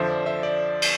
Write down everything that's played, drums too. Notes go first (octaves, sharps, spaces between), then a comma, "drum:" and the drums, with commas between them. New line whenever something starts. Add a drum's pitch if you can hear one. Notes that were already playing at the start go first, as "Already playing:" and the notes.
Already playing: F2 D3 F3 C5 E5
D5
C5 E5
D5
drum: cymbal